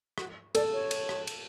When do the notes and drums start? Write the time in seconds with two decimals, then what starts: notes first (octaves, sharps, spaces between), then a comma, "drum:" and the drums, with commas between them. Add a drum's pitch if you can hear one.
0.18 F#4, drum: rim click
0.55 A4 D5, drum: cymbal
0.72 C#5
0.91 drum: cymbal
1.09 drum: rim click
1.27 drum: cymbal